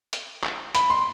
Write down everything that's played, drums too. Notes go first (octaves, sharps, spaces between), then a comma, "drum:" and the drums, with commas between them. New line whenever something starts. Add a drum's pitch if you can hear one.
drum: hi-hat
drum: clap
B5, drum: hi-hat
C6